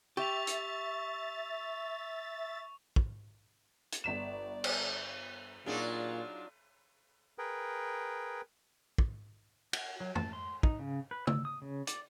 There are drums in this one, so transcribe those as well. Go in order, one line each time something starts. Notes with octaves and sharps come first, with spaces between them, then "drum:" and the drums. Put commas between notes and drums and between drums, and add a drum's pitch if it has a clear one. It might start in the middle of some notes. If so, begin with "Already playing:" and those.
G4 E5 C#6 A6 F7
drum: hi-hat
drum: kick
drum: hi-hat
G1 D5 B6 E7
drum: cymbal
A#2 F#3 D4 D#4 F4 G#4
G#4 A#4 B4 G5
drum: kick
F#4, drum: cymbal
F#3
A5, drum: tom F2
C6
D#4, drum: kick
C#3
B4
E6, drum: tom C#3
D#6
C#3
D5, drum: hi-hat